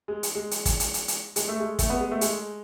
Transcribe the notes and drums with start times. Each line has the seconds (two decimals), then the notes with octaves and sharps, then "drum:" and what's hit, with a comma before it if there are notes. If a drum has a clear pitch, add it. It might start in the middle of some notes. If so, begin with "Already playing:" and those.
0.08 G#3
0.23 drum: hi-hat
0.35 G#3
0.51 drum: hi-hat
0.66 drum: kick, hi-hat
0.80 drum: hi-hat
0.94 drum: hi-hat
1.08 drum: hi-hat
1.36 G#3, drum: hi-hat
1.48 A3
1.60 G#3
1.79 A3, drum: kick, hi-hat
1.90 B3
2.00 G#3
2.11 A3
2.21 G#3, drum: hi-hat